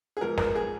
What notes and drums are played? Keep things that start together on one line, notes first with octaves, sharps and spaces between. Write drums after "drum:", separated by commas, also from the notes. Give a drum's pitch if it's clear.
G#4
G#2 F3 A#4
A#4, drum: snare
G#4